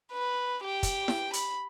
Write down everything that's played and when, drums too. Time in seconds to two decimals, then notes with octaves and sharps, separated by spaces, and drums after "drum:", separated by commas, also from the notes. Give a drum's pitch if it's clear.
0.12 B4
0.64 G4 G5
0.83 drum: kick, hi-hat
1.08 drum: snare E4
1.33 B5, drum: hi-hat